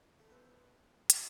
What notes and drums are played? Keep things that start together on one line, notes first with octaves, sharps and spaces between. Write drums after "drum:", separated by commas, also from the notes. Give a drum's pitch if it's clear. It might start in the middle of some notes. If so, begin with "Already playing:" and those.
A3
B3 E4 A4 C5
A3 D#4 F#4 B4, drum: hi-hat